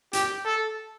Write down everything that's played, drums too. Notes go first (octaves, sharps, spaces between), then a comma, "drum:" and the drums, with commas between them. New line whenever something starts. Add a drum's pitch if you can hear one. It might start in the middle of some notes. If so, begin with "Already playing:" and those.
G4, drum: hi-hat
A4